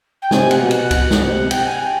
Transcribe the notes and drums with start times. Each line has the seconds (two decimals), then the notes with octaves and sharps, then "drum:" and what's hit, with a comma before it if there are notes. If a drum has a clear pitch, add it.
0.22 G5
0.31 C3 G#5, drum: snare
0.51 F#5, drum: cymbal
0.61 B2
0.71 F#5, drum: cymbal
0.91 B2, drum: kick C2, cymbal
1.11 drum: snare
1.20 C3
1.51 G5, drum: cymbal
1.65 G#5
1.80 G5